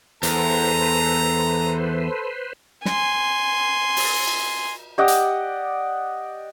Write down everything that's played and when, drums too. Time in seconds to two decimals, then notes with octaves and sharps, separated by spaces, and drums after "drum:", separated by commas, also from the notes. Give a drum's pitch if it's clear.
0.23 E2 A4 B4 C5 A#5, drum: hi-hat
2.85 G#5 C6, drum: snare
3.96 drum: open hi-hat
4.27 drum: cymbal
4.98 G4 D5 D#5 F#5
5.08 drum: hi-hat